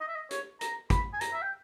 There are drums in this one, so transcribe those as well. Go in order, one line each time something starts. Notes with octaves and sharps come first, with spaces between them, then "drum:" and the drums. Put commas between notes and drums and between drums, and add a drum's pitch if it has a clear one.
D#5
E5
D#5
C#5, drum: hi-hat
A#5, drum: hi-hat
B5, drum: kick, hi-hat
G#5
A#5, drum: hi-hat
E5
G5